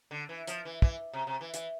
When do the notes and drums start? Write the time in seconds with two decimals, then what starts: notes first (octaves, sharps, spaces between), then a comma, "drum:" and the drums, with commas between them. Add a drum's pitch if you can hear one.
0.11 D3
0.29 E3
0.47 F3, drum: hi-hat
0.65 E3
0.82 E3, drum: kick
1.14 C3
1.27 C3
1.41 E3
1.54 E3, drum: hi-hat